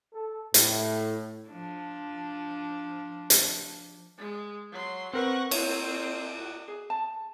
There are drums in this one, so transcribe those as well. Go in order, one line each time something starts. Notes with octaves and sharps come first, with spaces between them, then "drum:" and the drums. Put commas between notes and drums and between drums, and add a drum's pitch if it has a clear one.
A4
A2, drum: hi-hat
F3 D4
drum: hi-hat
G#3
F#3 C6
C4 A#4 B4 F#5 C#6
A#3 C4 C#5, drum: cymbal
F#4
G#4
A5